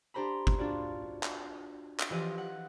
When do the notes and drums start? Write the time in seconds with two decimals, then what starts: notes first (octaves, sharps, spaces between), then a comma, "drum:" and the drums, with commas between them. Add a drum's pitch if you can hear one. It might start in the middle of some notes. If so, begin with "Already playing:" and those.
0.14 D4 G4 C5 A#5 B5
0.47 drum: kick G1
0.59 D4 F4 F#4 D5
1.23 drum: clap
2.00 drum: clap
2.10 E3 F3 G4 D#5
2.38 F#5